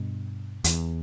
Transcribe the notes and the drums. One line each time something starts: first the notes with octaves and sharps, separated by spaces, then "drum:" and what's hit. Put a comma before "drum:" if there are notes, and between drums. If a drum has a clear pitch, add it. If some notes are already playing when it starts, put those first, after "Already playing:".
Already playing: G2 B2
E2, drum: hi-hat